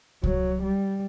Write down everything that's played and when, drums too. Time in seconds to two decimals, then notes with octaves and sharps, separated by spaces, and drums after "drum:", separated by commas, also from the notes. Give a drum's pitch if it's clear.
0.23 F#3, drum: kick C2
0.63 G3